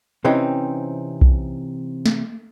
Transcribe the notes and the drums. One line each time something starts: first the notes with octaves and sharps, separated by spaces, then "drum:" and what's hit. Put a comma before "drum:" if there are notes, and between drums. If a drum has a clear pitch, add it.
C3 E3 C4 C#4 D#4
drum: kick B1
drum: snare